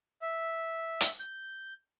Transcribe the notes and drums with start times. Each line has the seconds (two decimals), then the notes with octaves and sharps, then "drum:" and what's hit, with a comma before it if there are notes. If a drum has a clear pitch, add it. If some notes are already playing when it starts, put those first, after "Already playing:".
0.22 E5
1.01 drum: hi-hat
1.20 G6